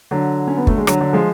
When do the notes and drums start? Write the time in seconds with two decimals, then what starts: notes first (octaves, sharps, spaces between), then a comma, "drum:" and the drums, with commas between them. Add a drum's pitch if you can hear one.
0.11 D3 F#3
0.47 C#4
0.57 B3
0.67 A3, drum: kick
0.78 G#3
0.87 D3 F#3, drum: rim click
1.00 D3 F#3
1.13 F3 G#3